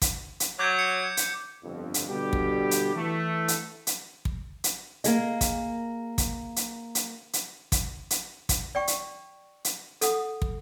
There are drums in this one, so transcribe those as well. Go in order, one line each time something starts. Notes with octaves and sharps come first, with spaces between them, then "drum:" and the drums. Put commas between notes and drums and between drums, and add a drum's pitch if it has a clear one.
drum: kick, hi-hat
drum: hi-hat
F#3 D6 G6 G#6
C#7
drum: hi-hat
G1 F2
drum: hi-hat
B2 D3 G3 B3 G4
drum: kick
drum: hi-hat
E3 A3
drum: hi-hat
drum: hi-hat
drum: kick
drum: hi-hat
A#3 G#4 D#5, drum: hi-hat
drum: kick, hi-hat
drum: kick, hi-hat
drum: hi-hat
drum: hi-hat
drum: hi-hat
drum: kick, hi-hat
drum: hi-hat
drum: kick, hi-hat
D5 G5 C#6
drum: hi-hat
drum: hi-hat
A4 F#5 D#6, drum: hi-hat
drum: kick